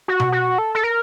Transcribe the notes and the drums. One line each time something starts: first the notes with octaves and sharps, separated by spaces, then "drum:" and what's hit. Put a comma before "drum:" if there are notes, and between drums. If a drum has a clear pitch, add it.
F#4
drum: tom B2
F#4
A4
A4
A#4